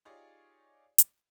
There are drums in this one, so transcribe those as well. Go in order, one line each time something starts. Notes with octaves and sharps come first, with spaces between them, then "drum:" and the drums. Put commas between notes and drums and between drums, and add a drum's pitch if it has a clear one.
D#4 F4 G4 G#4 C#5 D5
drum: hi-hat